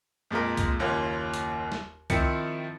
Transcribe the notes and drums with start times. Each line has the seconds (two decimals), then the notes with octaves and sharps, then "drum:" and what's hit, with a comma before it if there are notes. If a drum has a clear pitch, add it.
0.31 F2 A#2 G#3 F4 A#4
0.57 drum: kick C2, hi-hat
0.79 F#1 D#2 A#3 C#4 F4
1.34 drum: hi-hat
1.72 drum: snare
2.10 D#3 F3 C4 E4 C#7, drum: kick C2, hi-hat